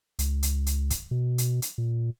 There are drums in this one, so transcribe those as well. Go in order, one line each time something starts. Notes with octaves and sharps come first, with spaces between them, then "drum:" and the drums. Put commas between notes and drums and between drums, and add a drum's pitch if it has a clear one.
C#2, drum: hi-hat
drum: hi-hat
drum: hi-hat
drum: kick, hi-hat
B2
drum: hi-hat
drum: hi-hat
A#2